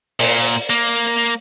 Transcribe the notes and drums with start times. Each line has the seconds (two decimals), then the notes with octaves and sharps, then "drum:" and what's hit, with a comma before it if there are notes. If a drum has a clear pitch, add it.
0.20 A#2, drum: open hi-hat
0.70 A#3
1.09 drum: tambourine